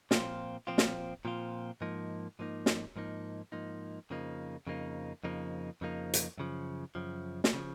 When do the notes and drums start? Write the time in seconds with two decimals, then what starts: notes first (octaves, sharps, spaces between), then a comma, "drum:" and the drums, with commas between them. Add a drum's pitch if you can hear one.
0.11 A#2 F3 C4 F4, drum: snare
0.67 A#2 F3 C4 F4
0.78 drum: snare
1.25 A#2 F3 C4 F4
1.81 G#2 F3 A#3 D#4
2.39 G#2 F3 A#3 D#4
2.66 drum: snare
2.96 G#2 F3 A#3 D#4
3.52 G#2 F3 A#3 D#4
4.10 F2 C#3 F3 A#3 D#4
4.67 F2 C#3 F3 A#3 D#4
5.24 F2 C#3 F3 A#3 D#4
5.81 F2 C#3 F3 A#3 D#4
6.14 drum: hi-hat
6.38 F#2 C#3 F3
6.95 F#2 C#3 F3
7.44 drum: snare
7.53 C#3 F3